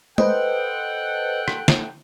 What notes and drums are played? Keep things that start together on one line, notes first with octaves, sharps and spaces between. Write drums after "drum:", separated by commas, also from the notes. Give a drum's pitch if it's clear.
A4 B4 C5 D#5 F#5 G5, drum: tom
drum: rim click
drum: snare